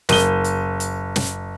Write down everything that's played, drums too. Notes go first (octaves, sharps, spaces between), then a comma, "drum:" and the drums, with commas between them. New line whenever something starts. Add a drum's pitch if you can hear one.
F#1 D#7 G7, drum: snare
drum: hi-hat
drum: hi-hat
drum: snare